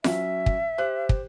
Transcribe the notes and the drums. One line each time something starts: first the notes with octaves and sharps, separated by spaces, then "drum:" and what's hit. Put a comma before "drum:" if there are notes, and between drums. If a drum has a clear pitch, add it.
F#3 C#4 E5, drum: snare F4
drum: kick
G4 C5 F#6
drum: kick